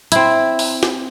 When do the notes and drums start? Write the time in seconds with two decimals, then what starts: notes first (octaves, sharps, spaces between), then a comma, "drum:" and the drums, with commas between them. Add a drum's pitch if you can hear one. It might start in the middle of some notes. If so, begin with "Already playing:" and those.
0.12 C4 E4, drum: hi-hat
0.59 drum: open hi-hat
0.83 drum: snare